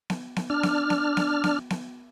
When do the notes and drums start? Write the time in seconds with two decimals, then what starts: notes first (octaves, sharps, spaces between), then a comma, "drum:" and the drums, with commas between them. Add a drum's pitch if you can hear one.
0.10 drum: snare B3
0.36 drum: snare B3
0.50 D4 F6
0.63 drum: snare B3
0.90 drum: snare B3
1.17 drum: snare B3
1.44 drum: snare B3
1.70 drum: snare B3